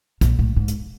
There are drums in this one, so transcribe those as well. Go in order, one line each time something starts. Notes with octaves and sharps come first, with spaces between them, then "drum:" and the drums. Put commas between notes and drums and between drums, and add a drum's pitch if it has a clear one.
A#2, drum: kick, hi-hat
A2
G#2
drum: hi-hat